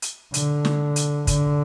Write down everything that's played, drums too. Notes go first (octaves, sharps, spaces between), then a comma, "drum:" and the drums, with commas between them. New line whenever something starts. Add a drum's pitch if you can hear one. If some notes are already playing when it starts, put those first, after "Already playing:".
drum: hi-hat
D3, drum: hi-hat
drum: snare
drum: hi-hat
D3, drum: kick, hi-hat